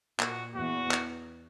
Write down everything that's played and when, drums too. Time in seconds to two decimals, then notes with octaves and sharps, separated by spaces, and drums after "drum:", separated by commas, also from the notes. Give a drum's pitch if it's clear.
0.20 A#2 F#4, drum: clap
0.55 E2 F#4
0.91 drum: clap